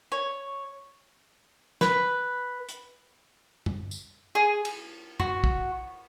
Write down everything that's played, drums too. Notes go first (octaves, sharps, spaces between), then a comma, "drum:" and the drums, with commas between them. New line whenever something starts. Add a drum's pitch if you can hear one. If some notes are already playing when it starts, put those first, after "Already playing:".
C#5
B4, drum: snare
drum: hi-hat
drum: tom F#2
drum: tambourine
G#4
drum: cymbal
F#4, drum: tom F#2
drum: kick